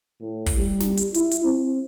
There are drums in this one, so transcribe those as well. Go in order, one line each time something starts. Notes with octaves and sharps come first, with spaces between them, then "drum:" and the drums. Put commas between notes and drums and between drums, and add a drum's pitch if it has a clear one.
A2
drum: kick, open hi-hat
G3
drum: snare
drum: hi-hat
E4, drum: hi-hat
drum: hi-hat
C4